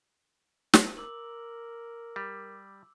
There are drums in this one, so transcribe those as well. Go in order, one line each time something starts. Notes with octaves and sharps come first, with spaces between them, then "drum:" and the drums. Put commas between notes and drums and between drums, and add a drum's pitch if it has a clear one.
drum: snare
A#4 D6 E6 F#7
G3